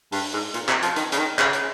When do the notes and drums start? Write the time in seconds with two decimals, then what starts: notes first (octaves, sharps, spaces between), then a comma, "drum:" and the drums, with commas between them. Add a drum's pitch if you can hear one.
0.12 G2, drum: open hi-hat
0.34 G#2
0.54 A#2, drum: hi-hat
0.69 C3, drum: clap
0.83 F3, drum: hi-hat
0.96 D#3, drum: hi-hat
1.12 C#3, drum: hi-hat
1.18 D#3
1.39 C#3, drum: clap
1.53 drum: hi-hat